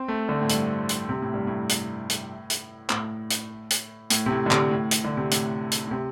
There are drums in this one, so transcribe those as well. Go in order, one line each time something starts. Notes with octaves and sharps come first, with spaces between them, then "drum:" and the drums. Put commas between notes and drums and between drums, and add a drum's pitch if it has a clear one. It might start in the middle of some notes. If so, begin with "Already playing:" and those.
Already playing: C4
A3
D3
A2
G2, drum: hi-hat
drum: hi-hat
C3
A2
G2
A2
drum: hi-hat
drum: hi-hat
drum: hi-hat
A2, drum: clap
drum: hi-hat
drum: hi-hat
A2, drum: hi-hat
C3
A2
D3
C3, drum: clap
A2
drum: hi-hat
D3
C3
A2, drum: hi-hat
drum: hi-hat
A2
C3